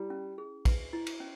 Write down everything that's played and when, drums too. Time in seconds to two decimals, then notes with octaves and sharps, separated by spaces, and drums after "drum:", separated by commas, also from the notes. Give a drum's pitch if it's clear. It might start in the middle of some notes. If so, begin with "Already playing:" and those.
Already playing: G3 E4
0.10 C#4
0.38 G#4
0.65 B4, drum: kick, cymbal
0.93 E4
1.07 drum: cymbal
1.20 C#4